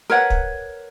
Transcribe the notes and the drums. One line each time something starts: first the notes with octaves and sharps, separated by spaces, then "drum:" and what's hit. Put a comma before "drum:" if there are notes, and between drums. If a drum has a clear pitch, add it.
A#4 B4 C#5 F#5
drum: kick